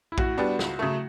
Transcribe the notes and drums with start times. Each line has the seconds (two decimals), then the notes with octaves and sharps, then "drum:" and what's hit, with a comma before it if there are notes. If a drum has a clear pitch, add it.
0.12 E4
0.18 A2 F#4, drum: kick A#1
0.38 G3 B3 D4
0.59 C#2, drum: snare
0.79 C#3 F#3 A3